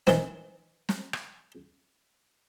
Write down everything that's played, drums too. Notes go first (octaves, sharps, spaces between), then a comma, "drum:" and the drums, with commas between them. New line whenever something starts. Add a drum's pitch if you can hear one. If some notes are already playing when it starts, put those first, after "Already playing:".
D#3 E3 C4, drum: snare
drum: snare
drum: rim click